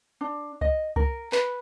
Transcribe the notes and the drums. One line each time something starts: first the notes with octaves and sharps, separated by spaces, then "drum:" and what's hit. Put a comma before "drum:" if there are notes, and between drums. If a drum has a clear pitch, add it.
D4
D#5, drum: kick C2
A#4, drum: kick C2
B4, drum: clap